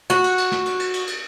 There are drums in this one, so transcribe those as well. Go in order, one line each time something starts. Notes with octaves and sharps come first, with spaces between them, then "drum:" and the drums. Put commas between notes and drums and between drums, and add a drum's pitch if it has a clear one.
F#4, drum: snare
drum: cymbal
drum: cymbal
drum: snare
drum: cymbal
drum: cymbal
drum: cymbal
drum: cymbal